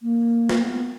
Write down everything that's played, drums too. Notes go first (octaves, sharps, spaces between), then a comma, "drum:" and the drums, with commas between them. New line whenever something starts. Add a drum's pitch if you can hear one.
A#3
drum: snare
B3